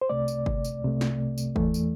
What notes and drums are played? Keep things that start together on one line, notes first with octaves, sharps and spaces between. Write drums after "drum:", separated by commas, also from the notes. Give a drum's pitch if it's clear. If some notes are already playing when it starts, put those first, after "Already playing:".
C5
C2 C3 A3 D5
drum: tambourine
drum: kick G1
drum: tambourine
C2 C3 A3
drum: snare
drum: tambourine
E2 E3 A3, drum: kick G1
drum: tambourine